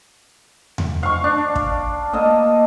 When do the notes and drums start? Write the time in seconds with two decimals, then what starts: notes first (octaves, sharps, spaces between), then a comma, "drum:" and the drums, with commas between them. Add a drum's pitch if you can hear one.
0.78 drum: tom E2
1.03 F5 C#6
1.24 D4
1.55 drum: kick
2.13 A#3 A4 D#5